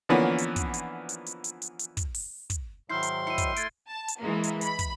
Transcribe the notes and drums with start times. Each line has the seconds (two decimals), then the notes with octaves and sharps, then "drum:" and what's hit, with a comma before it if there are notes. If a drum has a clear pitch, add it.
0.09 D3 E3 F3 A#3 B3 C#4
0.38 drum: hi-hat
0.56 drum: kick, hi-hat
0.74 drum: hi-hat
1.09 drum: hi-hat
1.26 drum: hi-hat
1.44 drum: hi-hat
1.62 drum: hi-hat
1.79 drum: hi-hat
1.97 drum: kick, hi-hat
2.14 drum: open hi-hat
2.50 drum: kick, hi-hat
2.89 G#2 D#3 F#3 E4 C6 F6 G6 C7
3.03 drum: hi-hat
3.27 E4 C#7 D#7
3.38 drum: kick, hi-hat
3.56 A3 G#6 A6 D7, drum: hi-hat
3.87 A5
4.08 drum: hi-hat
4.19 E3 G#3 A#3
4.43 drum: hi-hat
4.61 B5, drum: hi-hat
4.79 drum: kick, hi-hat